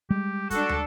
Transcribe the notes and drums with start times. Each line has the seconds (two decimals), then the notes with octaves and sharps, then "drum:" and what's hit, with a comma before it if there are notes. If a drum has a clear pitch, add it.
0.10 G3 G#3 G4
0.50 D4 F#4 A4, drum: kick, hi-hat
0.69 drum: tom